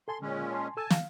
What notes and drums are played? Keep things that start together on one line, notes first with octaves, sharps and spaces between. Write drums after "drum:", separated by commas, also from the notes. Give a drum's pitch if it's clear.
A4 G#5 A5 C6
A#2 D3 G#3 C#4
G#5 A5 C6
A4 G#5 A5 E6
F5, drum: snare